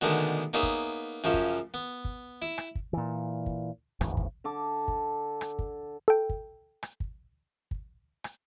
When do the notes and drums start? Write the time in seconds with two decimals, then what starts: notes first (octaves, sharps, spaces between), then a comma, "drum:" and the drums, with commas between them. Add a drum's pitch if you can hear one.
0.01 B2 D3 D#3 G#3 A3 B3
0.53 A#3 B3 D#4 G#4 C#5 E5
0.63 drum: kick
1.24 F#2 C#3 F3 C#4
1.34 drum: kick
1.74 B3
2.05 drum: kick
2.42 E4
2.58 drum: rim click
2.75 drum: kick
2.93 A#2 E3
3.46 drum: kick
4.01 D1 G#1 E2, drum: rim click
4.17 drum: kick
4.44 D3 A4 D6
4.88 drum: kick
5.41 drum: rim click
5.59 drum: kick
6.08 A4 G5
6.29 drum: kick
6.83 drum: rim click
7.00 drum: kick
7.71 drum: kick
8.24 drum: rim click